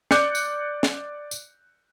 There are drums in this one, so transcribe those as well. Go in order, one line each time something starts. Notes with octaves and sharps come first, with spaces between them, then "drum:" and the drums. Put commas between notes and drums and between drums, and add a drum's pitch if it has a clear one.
D5 D6 F#6 G6 C#7, drum: snare
drum: tambourine
drum: snare
drum: tambourine